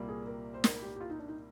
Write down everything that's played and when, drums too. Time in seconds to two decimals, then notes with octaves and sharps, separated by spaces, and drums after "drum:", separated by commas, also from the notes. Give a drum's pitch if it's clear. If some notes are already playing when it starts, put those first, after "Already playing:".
Already playing: C2 A#2 G3 A#3
0.08 G#4
0.27 A#4
0.54 C5
0.64 A#4, drum: snare
0.82 G4
0.96 G4
1.00 F4
1.10 D#4
1.19 D4
1.28 D#4